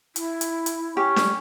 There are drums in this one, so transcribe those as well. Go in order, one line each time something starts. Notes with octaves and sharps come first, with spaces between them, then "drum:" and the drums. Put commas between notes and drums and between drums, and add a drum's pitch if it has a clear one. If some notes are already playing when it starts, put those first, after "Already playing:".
E4, drum: hi-hat
drum: hi-hat
drum: hi-hat
C#4 G4
drum: snare D4